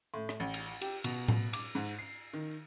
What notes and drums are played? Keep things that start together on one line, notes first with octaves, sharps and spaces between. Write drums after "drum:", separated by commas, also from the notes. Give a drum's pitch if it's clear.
A2
drum: rim click
A1
drum: cymbal
G4, drum: cymbal
B2, drum: cymbal
drum: tom A2
D6, drum: cymbal
G#2
C7
D#3